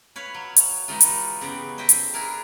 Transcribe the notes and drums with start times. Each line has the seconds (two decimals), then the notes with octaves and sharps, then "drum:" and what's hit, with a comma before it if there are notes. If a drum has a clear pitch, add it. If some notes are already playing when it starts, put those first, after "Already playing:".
0.16 B4 C#5 F5
0.34 F#3
0.56 drum: hi-hat
0.88 E3 G#3 D#4 F4
1.01 drum: hi-hat
1.41 C#3 B3 G4
1.78 C5 D#5 E5 G5 A5
1.89 drum: hi-hat
2.14 D4 E4 G#4 A#4